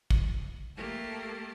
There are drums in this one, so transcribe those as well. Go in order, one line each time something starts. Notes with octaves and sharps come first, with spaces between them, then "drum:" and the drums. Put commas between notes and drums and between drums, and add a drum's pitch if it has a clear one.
drum: kick
A3 A#3 G4 A4